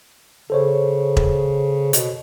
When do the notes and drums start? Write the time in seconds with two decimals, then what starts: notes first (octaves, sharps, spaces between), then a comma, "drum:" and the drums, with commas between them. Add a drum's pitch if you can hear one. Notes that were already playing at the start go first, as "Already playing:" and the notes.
0.50 C#3 A4 C5 C#5
1.17 drum: kick E1
1.93 B2, drum: hi-hat